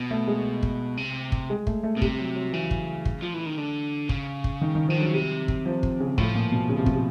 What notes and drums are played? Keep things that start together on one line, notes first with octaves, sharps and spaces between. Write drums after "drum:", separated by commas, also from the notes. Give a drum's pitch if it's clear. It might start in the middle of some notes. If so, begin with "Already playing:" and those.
Already playing: B2
A3
G#3
drum: kick
C3
drum: kick
G#3
A3, drum: kick
A3
B2
C3 G3, drum: kick
F#3
F#3
C#3 E3
drum: kick
drum: kick
F3
E3
D#3
D3
C#3, drum: kick
drum: kick
D#3
D#3
D#3 F3
D3 F#3
C#3
C3 G3
drum: kick
F3
drum: kick
C#3
A2 F3, drum: kick
A#2
B2
C#3
C3
B2, drum: kick
C3